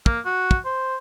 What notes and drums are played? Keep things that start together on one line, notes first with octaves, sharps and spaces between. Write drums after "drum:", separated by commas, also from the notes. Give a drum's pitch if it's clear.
A#3, drum: kick
F#4
drum: kick
C5